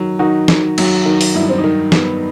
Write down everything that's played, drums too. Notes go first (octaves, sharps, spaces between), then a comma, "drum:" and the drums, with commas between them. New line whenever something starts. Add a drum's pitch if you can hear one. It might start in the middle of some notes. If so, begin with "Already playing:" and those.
Already playing: D#3 F#3
D#3 D#4 F#4
D#3, drum: snare
F#3, drum: cymbal
D#3
drum: open hi-hat
G2 E4
D#4
C4
D#4
D#3
B3, drum: snare